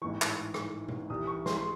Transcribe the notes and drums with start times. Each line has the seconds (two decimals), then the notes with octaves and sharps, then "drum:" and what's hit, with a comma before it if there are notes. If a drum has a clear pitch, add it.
0.02 A1 G#2 E3 C#6
0.22 drum: clap
0.54 drum: rim click
0.88 drum: tom B2
1.10 C2 C3 E3 D#6
1.27 C#6
1.46 C6, drum: snare
1.57 C6